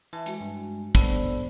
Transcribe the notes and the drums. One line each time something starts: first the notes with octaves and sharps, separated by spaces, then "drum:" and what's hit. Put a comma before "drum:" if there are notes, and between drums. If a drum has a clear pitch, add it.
E3 E5 A5
G#3 F#4, drum: hi-hat
G2
G2 B2 B3 A4 C5 D5, drum: kick, hi-hat